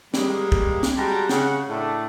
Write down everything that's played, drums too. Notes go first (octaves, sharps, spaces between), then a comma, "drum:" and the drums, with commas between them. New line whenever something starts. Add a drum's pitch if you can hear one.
G3 G#3 A#3, drum: snare
drum: kick
drum: snare
G3 G#3 F#4 G5 A5 A#5
C#3 F#5, drum: snare
A2 A3 D4